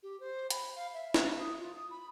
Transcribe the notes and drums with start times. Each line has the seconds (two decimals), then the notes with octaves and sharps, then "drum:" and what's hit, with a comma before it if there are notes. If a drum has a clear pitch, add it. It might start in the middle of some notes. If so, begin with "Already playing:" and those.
0.03 G4
0.20 C5
0.50 B5, drum: hi-hat
0.76 F5
0.94 E5
1.14 drum: snare
1.39 D#6
1.60 F4
1.75 D#6
1.90 B5